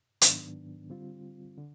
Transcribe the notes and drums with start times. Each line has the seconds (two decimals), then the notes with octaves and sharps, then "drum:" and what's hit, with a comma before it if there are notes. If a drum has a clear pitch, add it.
0.22 G#2 D#3 F#3 B3 D4, drum: hi-hat
0.89 D3 G3 C4 F4
1.58 D3